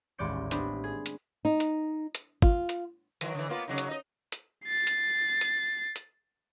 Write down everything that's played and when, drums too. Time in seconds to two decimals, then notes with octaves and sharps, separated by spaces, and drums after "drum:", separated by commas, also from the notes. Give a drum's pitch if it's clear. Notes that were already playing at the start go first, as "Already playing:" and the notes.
0.18 D#1 A1 G#3 D5 G6 C#7
0.51 B3 C4 D4 G4, drum: hi-hat
0.84 G#4
1.06 drum: hi-hat
1.45 D#4
1.60 drum: hi-hat
2.15 drum: hi-hat
2.42 F4, drum: kick G#1
2.69 drum: hi-hat
3.21 D#3 E3 F#3, drum: hi-hat
3.35 D3 E3
3.49 A#3 B3 F4
3.68 C#3 F#3 D#4
3.78 drum: hi-hat
3.87 D#4 D#5
4.32 drum: hi-hat
4.65 A6 C7
4.87 drum: hi-hat
5.41 drum: hi-hat
5.96 drum: hi-hat